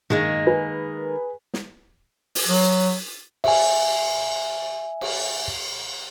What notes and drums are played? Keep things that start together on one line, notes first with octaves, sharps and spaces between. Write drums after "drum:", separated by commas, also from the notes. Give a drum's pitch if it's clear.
D#3 G#3 A#3, drum: tom
G#4 B4
drum: snare
drum: open hi-hat
F#3
E5 G#5, drum: cymbal
drum: cymbal